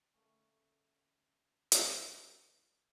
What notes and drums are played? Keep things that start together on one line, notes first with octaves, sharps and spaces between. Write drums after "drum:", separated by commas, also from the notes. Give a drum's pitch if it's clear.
D3 A3 A#3 C#4
drum: hi-hat